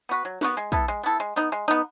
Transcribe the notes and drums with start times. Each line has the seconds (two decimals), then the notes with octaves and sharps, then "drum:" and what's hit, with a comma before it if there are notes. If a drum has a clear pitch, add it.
0.09 B3 F#4 B4
0.25 F#3
0.41 B3 F#4 B4, drum: snare
0.57 G#3
0.72 B3 E4 A4, drum: kick
0.88 G#3
1.03 B3 E4 A4
1.20 G#3
1.36 B3 D#4
1.52 G#3
1.68 B3 D#4